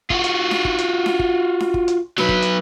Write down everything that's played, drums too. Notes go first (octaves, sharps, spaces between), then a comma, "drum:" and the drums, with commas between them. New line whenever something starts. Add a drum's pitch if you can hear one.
F4 F#4, drum: kick
drum: hi-hat
drum: snare D4
drum: kick
drum: hi-hat
drum: snare D4
drum: kick
drum: snare D4
drum: kick
drum: hi-hat
F#3 B4, drum: snare D4
drum: kick
drum: hi-hat